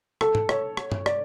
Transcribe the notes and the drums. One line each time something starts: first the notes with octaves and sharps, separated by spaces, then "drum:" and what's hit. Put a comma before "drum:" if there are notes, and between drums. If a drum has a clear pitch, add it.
A4, drum: rim click
drum: tom
C#5, drum: rim click
drum: rim click
drum: tom
D5, drum: rim click